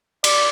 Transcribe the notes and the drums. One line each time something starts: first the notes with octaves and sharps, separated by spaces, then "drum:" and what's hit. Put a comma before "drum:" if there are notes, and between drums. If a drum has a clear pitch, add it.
D5, drum: cymbal